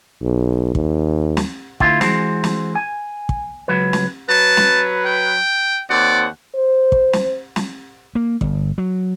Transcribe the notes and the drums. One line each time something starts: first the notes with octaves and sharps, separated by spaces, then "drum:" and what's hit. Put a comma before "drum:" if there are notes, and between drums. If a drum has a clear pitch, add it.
B1
D#2, drum: kick
drum: snare
D2 D3 E4 F4, drum: kick
E3 G#3 F#4 C5, drum: snare
drum: snare
G#5
drum: kick
C#2 F#3 B4
drum: snare
F#3 B4 A5
drum: snare
G5
D#2 C4 D5 F#5
C5
drum: kick
drum: snare
drum: snare
A#3
G1, drum: kick
F#3